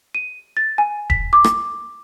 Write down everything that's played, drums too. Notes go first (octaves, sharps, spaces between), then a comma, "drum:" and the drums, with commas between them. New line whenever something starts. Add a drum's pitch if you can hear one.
D#7
A6
G#5
B6, drum: kick D#1
D6
drum: rim click